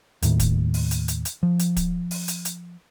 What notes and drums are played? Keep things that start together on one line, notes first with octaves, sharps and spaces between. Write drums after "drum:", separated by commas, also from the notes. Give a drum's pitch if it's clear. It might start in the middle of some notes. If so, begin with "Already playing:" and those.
D#2 A2 D#3, drum: hi-hat
drum: kick, hi-hat
drum: open hi-hat
drum: hi-hat
drum: hi-hat
drum: hi-hat
F3
drum: hi-hat
drum: kick, hi-hat
drum: open hi-hat
drum: hi-hat
drum: hi-hat